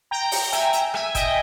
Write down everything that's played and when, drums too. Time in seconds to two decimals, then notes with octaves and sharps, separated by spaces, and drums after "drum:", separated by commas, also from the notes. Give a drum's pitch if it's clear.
0.11 G5 A#5
0.32 G5 A#5, drum: open hi-hat
0.52 E5 G#5, drum: hi-hat
0.73 G5 A#5, drum: hi-hat
0.94 E5 G#5, drum: rim click
1.15 D#5 G5, drum: kick F#1, hi-hat